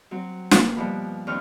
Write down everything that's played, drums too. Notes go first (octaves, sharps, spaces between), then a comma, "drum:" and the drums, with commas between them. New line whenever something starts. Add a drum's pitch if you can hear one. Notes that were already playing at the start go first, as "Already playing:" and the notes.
F#3 C4
C3 A#3 G#4, drum: snare
G2 B2 F3 B5
D#2 D#3 C4 D4 C#6 F6